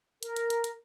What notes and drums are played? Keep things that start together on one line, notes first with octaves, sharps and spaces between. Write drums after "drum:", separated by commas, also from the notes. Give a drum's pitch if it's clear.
A#4, drum: hi-hat
drum: hi-hat
drum: hi-hat
drum: hi-hat